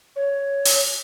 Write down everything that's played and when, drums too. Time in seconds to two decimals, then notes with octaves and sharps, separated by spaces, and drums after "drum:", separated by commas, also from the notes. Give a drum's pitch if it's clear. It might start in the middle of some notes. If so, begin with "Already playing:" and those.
0.16 C#5
0.65 drum: open hi-hat